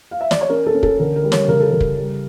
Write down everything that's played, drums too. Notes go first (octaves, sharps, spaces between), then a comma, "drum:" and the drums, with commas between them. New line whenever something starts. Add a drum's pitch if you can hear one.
F5
E5
D5, drum: snare
C#5
C#4 A#4
A4
C#4
A4, drum: kick
D3 A#4
A#4
G3
C#5, drum: snare
C#3 A#4
A4
C#3 A#4
drum: kick
G3